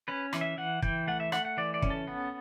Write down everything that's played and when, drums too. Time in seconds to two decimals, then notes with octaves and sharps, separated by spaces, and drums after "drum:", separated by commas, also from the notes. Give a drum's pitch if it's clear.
0.08 C#4 B4
0.33 E3, drum: rim click
0.41 E5
0.58 E3 F#5
0.82 E3 G5, drum: kick
1.08 A3 F#5
1.20 E5
1.32 A3 F#5, drum: rim click
1.45 F#5
1.57 E3 D5
1.74 D5
1.82 C#4, drum: kick
1.90 A4
2.07 B3